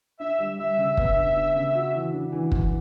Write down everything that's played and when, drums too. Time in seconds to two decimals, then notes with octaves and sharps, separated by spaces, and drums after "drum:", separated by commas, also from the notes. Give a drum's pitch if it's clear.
0.19 D4 E5
0.39 G3
0.58 G3 E5
0.77 C#3
0.97 B3, drum: kick
1.16 D4
1.36 D4
1.55 C#3
1.74 F#4
1.94 E3
2.13 D4
2.32 E3
2.52 E3, drum: kick